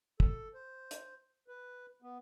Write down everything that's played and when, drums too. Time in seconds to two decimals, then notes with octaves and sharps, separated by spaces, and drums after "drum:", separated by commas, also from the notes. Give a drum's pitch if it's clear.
0.20 A4, drum: kick
0.54 C5
0.91 drum: hi-hat
1.48 B4
2.02 B3